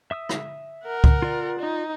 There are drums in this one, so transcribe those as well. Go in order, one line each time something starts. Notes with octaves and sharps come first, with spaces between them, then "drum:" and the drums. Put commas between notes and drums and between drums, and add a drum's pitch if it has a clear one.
E5 D#6 E6
drum: rim click
A#4 F#5
drum: kick
F4 D5
D#4